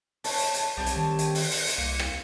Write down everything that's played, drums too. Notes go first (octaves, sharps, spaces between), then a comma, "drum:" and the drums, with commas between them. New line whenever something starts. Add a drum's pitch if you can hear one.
C#4 A5, drum: open hi-hat
drum: hi-hat
drum: hi-hat
B1 G3 C4 C#5
drum: hi-hat
D#3
drum: hi-hat
drum: open hi-hat
C#7, drum: open hi-hat
drum: hi-hat
C2 A#3
drum: rim click